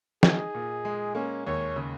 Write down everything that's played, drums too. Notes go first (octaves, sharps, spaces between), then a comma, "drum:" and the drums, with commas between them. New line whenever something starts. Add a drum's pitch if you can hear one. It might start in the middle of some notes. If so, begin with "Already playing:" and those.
D#4 G#4, drum: snare
A#2
G#3
A#3 C#4
D#2 C#5
C#3